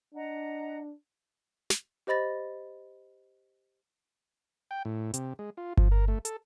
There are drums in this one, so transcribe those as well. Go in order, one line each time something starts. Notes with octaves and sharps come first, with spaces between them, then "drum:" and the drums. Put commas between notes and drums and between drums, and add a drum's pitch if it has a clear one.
D4 D#5 F#5 A#5
drum: snare
G4 C5 D#5 B5 A6 A#6
G5
A2
C3, drum: hi-hat
G#3
F4
F3, drum: kick G1
A#4
A3
A4, drum: hi-hat